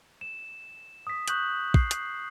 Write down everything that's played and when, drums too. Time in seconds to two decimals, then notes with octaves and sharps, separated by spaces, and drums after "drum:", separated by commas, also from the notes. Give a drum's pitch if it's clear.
0.21 E7
1.07 D#6 B6
1.28 C#6 D#6 F#6 G6 F#7, drum: hi-hat
1.74 C7, drum: kick
1.91 drum: hi-hat